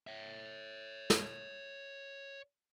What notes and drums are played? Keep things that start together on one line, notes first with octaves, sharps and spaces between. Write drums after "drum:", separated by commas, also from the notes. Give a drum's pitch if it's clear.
C#5 E5
drum: snare